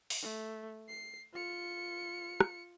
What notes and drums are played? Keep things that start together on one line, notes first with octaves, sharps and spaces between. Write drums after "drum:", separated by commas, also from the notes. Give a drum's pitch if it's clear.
drum: open hi-hat
A3
C7
F4 C#7
drum: rim click